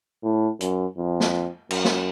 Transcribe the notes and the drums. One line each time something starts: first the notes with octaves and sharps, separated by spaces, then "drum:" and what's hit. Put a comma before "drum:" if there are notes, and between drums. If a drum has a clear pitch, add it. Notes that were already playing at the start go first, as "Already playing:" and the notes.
A2
F#2, drum: hi-hat
F2
drum: snare
F#2, drum: cymbal
drum: snare